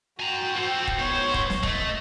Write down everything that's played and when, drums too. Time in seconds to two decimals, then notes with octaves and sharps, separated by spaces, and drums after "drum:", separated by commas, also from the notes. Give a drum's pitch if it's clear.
0.20 F#4 G5 G#5 A#5
0.56 C4 A4
0.87 drum: kick
0.99 G#2 B3 C5 C#5
1.34 drum: kick
1.50 drum: snare
1.63 A3 D#5, drum: kick